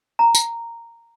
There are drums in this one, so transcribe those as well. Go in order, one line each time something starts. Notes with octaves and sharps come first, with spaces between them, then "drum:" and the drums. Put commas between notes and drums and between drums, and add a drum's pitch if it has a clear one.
A#5
drum: tambourine